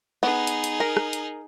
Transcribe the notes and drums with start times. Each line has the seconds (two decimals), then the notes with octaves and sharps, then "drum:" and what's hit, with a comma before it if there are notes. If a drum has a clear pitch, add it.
0.23 B3 D#4 G#4
0.47 drum: hi-hat
0.64 drum: hi-hat
0.80 A#4
0.97 drum: rim click
1.13 drum: hi-hat